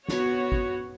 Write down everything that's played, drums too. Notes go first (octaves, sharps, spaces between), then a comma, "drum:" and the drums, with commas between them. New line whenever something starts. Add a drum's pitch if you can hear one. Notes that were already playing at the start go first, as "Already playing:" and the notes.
B3 F#4 C#5, drum: snare
drum: kick